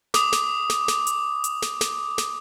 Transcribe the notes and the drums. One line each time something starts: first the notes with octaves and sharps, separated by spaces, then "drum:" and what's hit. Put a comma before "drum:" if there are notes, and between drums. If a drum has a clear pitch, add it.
D6 D#6, drum: snare
drum: snare
drum: snare
drum: snare
drum: hi-hat
drum: hi-hat
drum: snare
drum: snare
drum: snare